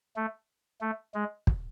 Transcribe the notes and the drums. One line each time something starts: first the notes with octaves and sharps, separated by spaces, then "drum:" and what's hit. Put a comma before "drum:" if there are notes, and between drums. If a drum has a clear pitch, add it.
A3
A3
G#3
drum: kick